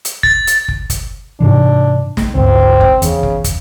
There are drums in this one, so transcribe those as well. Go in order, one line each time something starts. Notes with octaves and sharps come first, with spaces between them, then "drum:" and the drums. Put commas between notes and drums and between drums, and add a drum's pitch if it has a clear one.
drum: hi-hat
A6, drum: kick
drum: hi-hat
drum: kick
drum: kick, hi-hat
G#2 C3 E3 D4
drum: snare
G1 C#2 C4
drum: kick
E2 C#3, drum: hi-hat
drum: kick
drum: kick, hi-hat